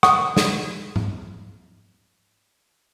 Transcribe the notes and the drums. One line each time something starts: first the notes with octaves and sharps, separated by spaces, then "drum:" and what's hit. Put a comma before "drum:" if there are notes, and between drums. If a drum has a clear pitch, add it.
F#5 C#6 D#6, drum: rim click
drum: snare
drum: tom G#2